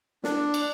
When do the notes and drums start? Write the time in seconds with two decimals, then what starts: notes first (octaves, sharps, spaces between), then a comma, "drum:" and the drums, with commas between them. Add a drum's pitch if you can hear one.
0.24 D4, drum: snare
0.54 drum: cymbal